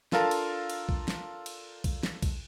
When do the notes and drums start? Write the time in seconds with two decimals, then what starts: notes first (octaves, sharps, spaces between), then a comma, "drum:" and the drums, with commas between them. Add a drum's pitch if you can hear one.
0.12 D4 F4 A4 A#4 F5 A5, drum: snare
0.31 drum: cymbal
0.70 drum: cymbal
0.89 drum: kick
1.08 drum: snare
1.46 drum: cymbal
1.84 drum: kick, cymbal
2.03 drum: snare
2.22 drum: kick, cymbal